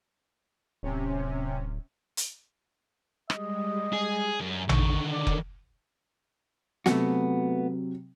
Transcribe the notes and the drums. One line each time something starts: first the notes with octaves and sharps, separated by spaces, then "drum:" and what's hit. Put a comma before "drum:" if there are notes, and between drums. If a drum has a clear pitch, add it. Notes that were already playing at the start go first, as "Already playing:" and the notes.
D1 C3 C#4
drum: hi-hat
G3 G#3 D#5, drum: rim click
G#4
F#2
D3 D#3 F#5 C#6, drum: tom A1
A4 A#4 C#5 D5
drum: kick F1
C3 F#3 A3 B3 F#4, drum: snare